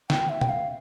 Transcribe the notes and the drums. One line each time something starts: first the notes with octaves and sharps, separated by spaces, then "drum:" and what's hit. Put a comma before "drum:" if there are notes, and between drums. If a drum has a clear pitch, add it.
G5, drum: snare
E5
G5, drum: tom B2
F5